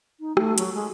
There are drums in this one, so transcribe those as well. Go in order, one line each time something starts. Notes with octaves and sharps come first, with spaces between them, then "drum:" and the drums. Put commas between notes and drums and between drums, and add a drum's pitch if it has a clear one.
D#4
A3, drum: rim click
F#3, drum: hi-hat
G#3